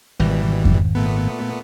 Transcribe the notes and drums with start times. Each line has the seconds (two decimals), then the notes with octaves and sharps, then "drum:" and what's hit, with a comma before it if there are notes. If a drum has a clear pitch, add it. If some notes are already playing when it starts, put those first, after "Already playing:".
0.20 G#1 B2 E3 G3
0.65 drum: kick F2
0.95 A#2 A3 B3